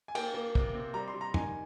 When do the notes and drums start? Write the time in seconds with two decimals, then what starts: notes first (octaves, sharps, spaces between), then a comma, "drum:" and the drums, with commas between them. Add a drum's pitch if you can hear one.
0.08 G#5
0.15 A#3 G5, drum: cymbal
0.34 A#3
0.55 C3, drum: kick
0.74 C4
0.94 G3 A#5
1.08 C6
1.14 G3
1.21 A#5
1.34 D#3 G#5, drum: tom